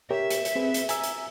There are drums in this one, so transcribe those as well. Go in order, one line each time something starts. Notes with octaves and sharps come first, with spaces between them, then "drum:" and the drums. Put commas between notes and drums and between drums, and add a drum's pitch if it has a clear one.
G4 A#4 C#5 E5
drum: hi-hat
drum: hi-hat
C4 G#4 B4
drum: hi-hat
G#5 A#5 E6, drum: hi-hat
drum: hi-hat